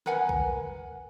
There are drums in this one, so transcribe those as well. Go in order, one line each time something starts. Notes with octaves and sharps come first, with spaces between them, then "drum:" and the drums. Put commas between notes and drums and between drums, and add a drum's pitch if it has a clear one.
A#4 B4 F#5 G#5, drum: snare
drum: kick